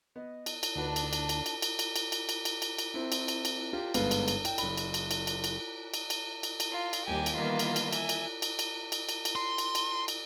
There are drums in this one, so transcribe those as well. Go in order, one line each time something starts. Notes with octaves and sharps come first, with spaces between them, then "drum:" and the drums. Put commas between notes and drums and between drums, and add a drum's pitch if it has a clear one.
B3 D#5
drum: cymbal
drum: cymbal
D2 D4 D#4 F#4 B4 A5
drum: cymbal
drum: cymbal
drum: cymbal
drum: cymbal
drum: cymbal
drum: cymbal
drum: cymbal
drum: cymbal
drum: cymbal
drum: cymbal
drum: cymbal
drum: cymbal
C4 E4
drum: cymbal
drum: cymbal
drum: cymbal
F4 G4
G1 G#2 G#3 B3 B4 F5, drum: cymbal
drum: cymbal
drum: cymbal
G5, drum: cymbal
F#1 B5, drum: cymbal
drum: cymbal
drum: cymbal
drum: cymbal
drum: cymbal
drum: cymbal
drum: cymbal
drum: cymbal
drum: cymbal
drum: cymbal
F4
drum: cymbal
D#2 G3 G4 G#5
drum: cymbal
D#3 E3 G3 A#3 B3 F4
drum: cymbal
drum: cymbal
E5 G#5, drum: cymbal
drum: cymbal
drum: cymbal
drum: cymbal
drum: cymbal
drum: cymbal
drum: cymbal
C6
drum: cymbal
drum: cymbal
drum: cymbal